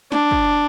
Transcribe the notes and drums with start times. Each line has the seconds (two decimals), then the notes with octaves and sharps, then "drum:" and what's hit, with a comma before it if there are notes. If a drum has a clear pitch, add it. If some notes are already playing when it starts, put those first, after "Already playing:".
0.12 D4, drum: snare
0.31 drum: kick